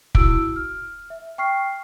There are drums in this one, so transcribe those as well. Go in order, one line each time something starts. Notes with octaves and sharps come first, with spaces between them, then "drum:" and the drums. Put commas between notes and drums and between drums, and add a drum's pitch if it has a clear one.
E4 F#4 E6 D7, drum: kick
F6
E5
G5 C#6 F6 C7